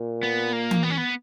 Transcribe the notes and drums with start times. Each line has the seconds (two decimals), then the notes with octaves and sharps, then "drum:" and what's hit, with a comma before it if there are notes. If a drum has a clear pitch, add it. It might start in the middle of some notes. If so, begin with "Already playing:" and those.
Already playing: A#2
0.23 B3
0.53 A#3
0.71 drum: tom E3
0.83 B3
0.90 C#4
0.98 B3